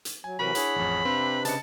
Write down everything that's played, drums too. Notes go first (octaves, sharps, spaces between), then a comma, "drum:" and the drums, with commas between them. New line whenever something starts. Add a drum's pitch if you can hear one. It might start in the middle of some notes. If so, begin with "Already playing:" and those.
drum: hi-hat
F#3 G#5
C3 E3 F#3 F#4 A#4 B4 B5
D4 E4 G#4 C#5 F#5, drum: hi-hat
A1 F2
C3 C4 D4 B4 F5 C6
C#3 D#5 A5 C#7, drum: hi-hat